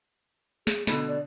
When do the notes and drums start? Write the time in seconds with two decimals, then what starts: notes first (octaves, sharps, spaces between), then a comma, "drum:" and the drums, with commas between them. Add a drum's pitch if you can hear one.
0.67 G#4, drum: snare
0.87 B2 D3 B5, drum: snare
1.08 D5